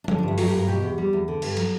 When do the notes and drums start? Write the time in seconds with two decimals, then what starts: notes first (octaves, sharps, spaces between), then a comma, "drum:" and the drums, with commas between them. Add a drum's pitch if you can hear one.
0.04 D4
0.08 D3 C#4, drum: tom F3
0.18 D4
0.23 G2 E4
0.38 F#3 F#4, drum: open hi-hat
0.48 G4
0.53 G2 A#4
0.68 B2 G4
0.82 E2
0.98 G3
1.13 E2
1.28 D3
1.42 G2, drum: cymbal
1.57 F#3, drum: cymbal